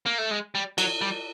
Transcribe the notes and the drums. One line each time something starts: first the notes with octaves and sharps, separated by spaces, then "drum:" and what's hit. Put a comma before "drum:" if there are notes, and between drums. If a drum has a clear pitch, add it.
A#3
A3
G#3
G3
F#3, drum: cymbal
G3